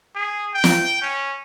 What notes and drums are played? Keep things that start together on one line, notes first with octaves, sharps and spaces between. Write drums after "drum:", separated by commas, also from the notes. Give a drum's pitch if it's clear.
G#4
G5
drum: snare
C#4